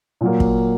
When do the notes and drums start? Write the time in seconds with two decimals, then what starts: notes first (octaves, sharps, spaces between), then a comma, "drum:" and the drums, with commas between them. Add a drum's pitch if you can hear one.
0.21 A#2 F#3 A#3
0.40 drum: kick